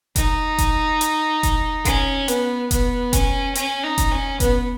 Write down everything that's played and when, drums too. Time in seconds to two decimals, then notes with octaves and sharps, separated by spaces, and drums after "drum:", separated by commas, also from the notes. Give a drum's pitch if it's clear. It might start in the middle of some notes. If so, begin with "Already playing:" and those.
0.16 D#4, drum: kick F1, hi-hat
0.58 drum: kick F1, hi-hat
1.01 drum: hi-hat
1.43 drum: kick F1, hi-hat
1.85 C#4, drum: kick F1, hi-hat
2.28 B3, drum: hi-hat
2.71 B3, drum: kick F1, hi-hat
3.13 C#4, drum: kick F1, hi-hat
3.55 C#4, drum: hi-hat
3.83 D#4
3.98 drum: kick F1, hi-hat
4.12 C#4
4.40 B3, drum: kick F1, hi-hat